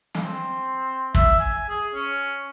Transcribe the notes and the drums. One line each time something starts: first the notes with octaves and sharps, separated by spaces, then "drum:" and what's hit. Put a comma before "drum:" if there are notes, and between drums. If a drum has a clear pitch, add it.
drum: snare
C4
E5, drum: kick
G#5
G#4
C#4